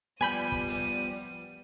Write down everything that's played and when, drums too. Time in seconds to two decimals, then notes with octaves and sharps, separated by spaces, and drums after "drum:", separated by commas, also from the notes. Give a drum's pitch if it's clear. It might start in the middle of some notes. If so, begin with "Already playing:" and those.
0.21 F3 G3 B3 G#5 B5 G6 D#7
0.52 drum: kick
0.68 drum: open hi-hat